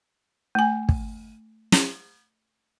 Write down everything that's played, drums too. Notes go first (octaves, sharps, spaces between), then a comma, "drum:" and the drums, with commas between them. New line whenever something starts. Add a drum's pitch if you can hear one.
A3 G#5
drum: kick
drum: snare